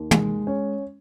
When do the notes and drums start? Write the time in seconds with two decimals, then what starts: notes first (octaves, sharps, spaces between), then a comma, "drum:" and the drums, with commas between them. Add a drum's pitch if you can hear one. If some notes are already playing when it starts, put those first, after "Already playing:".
Already playing: D#2
0.11 G#3, drum: tom
0.47 C#4